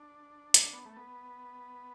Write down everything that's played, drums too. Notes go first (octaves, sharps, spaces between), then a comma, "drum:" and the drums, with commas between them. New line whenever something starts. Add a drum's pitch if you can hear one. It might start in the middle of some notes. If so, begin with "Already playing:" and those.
Already playing: D4
drum: hi-hat
B3
A3
B3